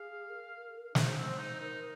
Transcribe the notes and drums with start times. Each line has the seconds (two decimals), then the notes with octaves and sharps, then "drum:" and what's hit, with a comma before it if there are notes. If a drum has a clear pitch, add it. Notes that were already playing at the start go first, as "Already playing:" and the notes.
Already playing: G#4 F5
0.30 A#4
0.95 D#4 C5, drum: snare
1.17 C4
1.38 D#4
1.60 D#4 A#4